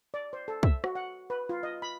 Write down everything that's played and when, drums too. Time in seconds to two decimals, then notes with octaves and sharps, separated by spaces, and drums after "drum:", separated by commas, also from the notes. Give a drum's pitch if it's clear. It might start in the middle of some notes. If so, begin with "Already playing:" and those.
0.14 D5
0.33 C5
0.48 A4
0.63 E5, drum: kick
0.84 F#4, drum: rim click
0.95 F#5
1.30 B4
1.49 F4
1.63 D#5
1.82 B5